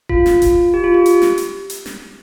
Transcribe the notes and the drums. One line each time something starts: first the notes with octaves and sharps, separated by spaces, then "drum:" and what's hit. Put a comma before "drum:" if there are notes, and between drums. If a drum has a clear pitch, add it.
F4, drum: kick D#1
drum: snare
drum: kick D#1, hi-hat
G4
F4
G4
drum: hi-hat
drum: snare
drum: hi-hat
drum: hi-hat
drum: snare